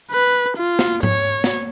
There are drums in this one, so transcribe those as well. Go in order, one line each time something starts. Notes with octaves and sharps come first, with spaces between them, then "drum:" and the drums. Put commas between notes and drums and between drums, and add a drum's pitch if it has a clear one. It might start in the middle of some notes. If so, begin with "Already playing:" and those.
B4
F4
drum: snare
C#5, drum: tom G#2
drum: snare